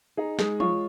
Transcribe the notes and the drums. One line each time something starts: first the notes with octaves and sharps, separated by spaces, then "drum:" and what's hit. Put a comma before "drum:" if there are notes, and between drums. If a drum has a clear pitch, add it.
D#4 G#4
G#3 G#4, drum: snare
F4 C#5, drum: tom